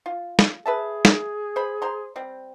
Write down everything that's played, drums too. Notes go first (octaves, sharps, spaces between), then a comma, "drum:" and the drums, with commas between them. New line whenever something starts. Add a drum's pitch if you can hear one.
F4
drum: snare
G#4 B4 E5 A5
drum: snare
C5 B5
C5 A#5 C6
G3 C4